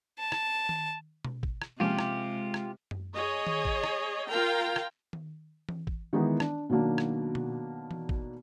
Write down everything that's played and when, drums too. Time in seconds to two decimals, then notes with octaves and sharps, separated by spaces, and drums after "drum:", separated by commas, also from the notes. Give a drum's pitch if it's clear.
0.20 A5
0.32 drum: rim click
0.69 drum: tom D#3
1.25 drum: tom B2
1.43 drum: kick
1.62 drum: rim click
1.80 C3 F3 G#3 A#3 C#4 F4 G4 F6
1.99 drum: rim click
2.54 drum: rim click
2.91 drum: tom F#2
3.14 G#4 C#5 D#5
3.47 drum: tom D#3
3.65 drum: kick
3.84 drum: rim click
4.29 F4 A#4 F5 G5 A#5
4.76 drum: rim click
5.13 drum: tom D#3
5.69 drum: tom E3
5.87 drum: kick
6.13 D#3 E3 G#3 B3 D#4
6.40 D4, drum: rim click
6.69 B2 D#3 F#3 A#3 D4
6.98 drum: rim click
7.35 drum: tom B2
7.91 drum: tom E3
8.09 drum: kick